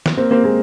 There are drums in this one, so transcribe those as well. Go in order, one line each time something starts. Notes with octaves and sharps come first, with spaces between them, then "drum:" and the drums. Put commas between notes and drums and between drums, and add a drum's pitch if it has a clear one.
drum: snare
A#3 C4
A#3 C4
G#3 A#3